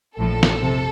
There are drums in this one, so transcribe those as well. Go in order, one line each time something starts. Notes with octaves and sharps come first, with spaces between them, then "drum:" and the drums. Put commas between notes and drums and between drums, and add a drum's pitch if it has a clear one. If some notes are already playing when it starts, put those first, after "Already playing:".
A#1 A2 F3 A4
drum: snare
F2 C3